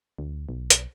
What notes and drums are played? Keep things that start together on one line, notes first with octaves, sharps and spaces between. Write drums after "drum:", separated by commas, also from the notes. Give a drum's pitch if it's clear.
D2
B1
drum: hi-hat